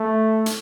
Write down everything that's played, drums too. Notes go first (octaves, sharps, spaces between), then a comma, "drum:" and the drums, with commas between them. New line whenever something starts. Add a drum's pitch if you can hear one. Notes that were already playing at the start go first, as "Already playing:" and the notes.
Already playing: A3
drum: hi-hat